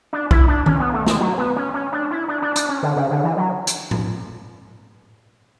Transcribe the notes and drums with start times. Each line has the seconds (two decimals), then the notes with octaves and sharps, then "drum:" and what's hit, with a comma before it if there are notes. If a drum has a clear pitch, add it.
0.13 D4
0.31 E4, drum: kick B1
0.48 D4
0.66 C#4, drum: tom D#3
0.80 B3
0.93 A3
1.06 G#3, drum: snare
1.20 F#3
1.38 B3
1.56 C#4
1.74 C#4
1.92 D4
2.11 E4
2.28 D4
2.42 D4
2.56 D4, drum: hi-hat
2.69 C#4
2.83 D3
2.97 C#3
3.10 D3
3.23 E3
3.37 F#3
3.67 drum: hi-hat
3.91 drum: tom A2